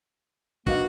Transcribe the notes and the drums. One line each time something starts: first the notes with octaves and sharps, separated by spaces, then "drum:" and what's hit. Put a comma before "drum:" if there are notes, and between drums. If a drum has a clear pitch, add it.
D#3 A#3 D4 F#4 B4 F5, drum: kick